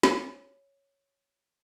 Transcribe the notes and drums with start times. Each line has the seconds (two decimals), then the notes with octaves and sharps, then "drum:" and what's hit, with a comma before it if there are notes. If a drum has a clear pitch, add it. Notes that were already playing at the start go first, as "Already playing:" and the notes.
0.03 C#5 D#5 G#5, drum: snare